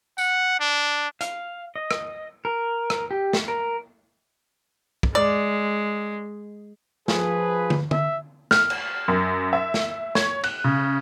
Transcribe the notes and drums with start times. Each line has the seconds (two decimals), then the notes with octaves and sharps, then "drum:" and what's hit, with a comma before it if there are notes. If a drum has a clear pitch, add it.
0.18 F#5, drum: tambourine
0.60 D4
1.21 F5, drum: hi-hat
1.76 D#5
1.91 drum: rim click
2.45 A#4
2.90 drum: rim click
3.11 G4
3.33 drum: snare
3.48 A#4
5.03 drum: kick
5.15 G#3 D5
7.08 F3 G#4 B4, drum: snare
7.70 drum: tom
7.91 E5, drum: tom
8.51 F6, drum: snare
8.70 drum: cymbal
9.08 F#2
9.53 E5
9.74 drum: snare
10.15 C#5, drum: snare
10.44 F#6, drum: cymbal
10.64 C#3